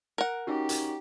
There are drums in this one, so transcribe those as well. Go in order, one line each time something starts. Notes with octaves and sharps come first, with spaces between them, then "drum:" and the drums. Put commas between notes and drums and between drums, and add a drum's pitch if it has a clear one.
A#4 F#5
C#4 D#4 F#4 G4
drum: hi-hat